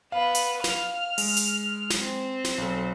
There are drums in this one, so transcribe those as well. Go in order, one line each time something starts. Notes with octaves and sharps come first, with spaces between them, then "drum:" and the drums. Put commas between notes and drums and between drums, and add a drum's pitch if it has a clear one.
B3 B4 F5
drum: hi-hat
F6, drum: snare
G#3, drum: open hi-hat
drum: hi-hat
drum: snare
C4
drum: snare
B1 A4